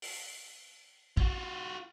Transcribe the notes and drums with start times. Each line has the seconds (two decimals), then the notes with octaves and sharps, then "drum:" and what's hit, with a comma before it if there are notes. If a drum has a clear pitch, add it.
0.02 drum: open hi-hat
1.17 F4 F#4, drum: kick